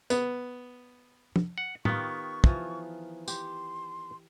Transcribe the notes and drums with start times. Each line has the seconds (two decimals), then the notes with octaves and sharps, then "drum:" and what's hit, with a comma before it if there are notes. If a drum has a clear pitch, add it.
0.10 B3, drum: tambourine
1.36 drum: tom
1.58 F#5
1.85 D#3 B3 F4 G4 C#6, drum: tom A2
2.44 E3 F3, drum: kick
3.28 G4 C6, drum: tambourine